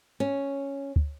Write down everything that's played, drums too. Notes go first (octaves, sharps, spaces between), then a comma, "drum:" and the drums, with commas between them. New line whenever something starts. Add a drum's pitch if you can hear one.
C#4
drum: kick